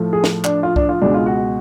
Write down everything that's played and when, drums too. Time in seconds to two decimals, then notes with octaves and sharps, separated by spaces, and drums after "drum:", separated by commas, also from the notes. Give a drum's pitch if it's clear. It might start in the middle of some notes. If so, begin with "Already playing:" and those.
Already playing: A2 F3 A3
0.13 G#4
0.24 drum: snare
0.44 D4, drum: clap
0.63 F4
0.76 D4, drum: kick C2
0.89 F4
1.01 C#2 B2 G#3 D4
1.14 F4
1.26 F#4